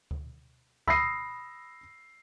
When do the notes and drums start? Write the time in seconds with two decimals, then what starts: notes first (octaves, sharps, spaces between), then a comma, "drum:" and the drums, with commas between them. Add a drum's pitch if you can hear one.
0.11 drum: kick D2
0.88 B5 D#6 E6 A#6 C7, drum: kick D2